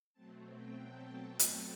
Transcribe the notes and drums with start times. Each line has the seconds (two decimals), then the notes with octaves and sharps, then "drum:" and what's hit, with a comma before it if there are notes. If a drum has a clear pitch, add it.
0.13 B2 F#3 A3 C4 A5
0.49 G5
0.84 A5
1.39 drum: hi-hat